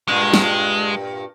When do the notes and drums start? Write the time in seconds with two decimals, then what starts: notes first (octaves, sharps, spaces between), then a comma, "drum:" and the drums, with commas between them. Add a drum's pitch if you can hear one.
0.08 G2 A#2 G#3
0.34 drum: snare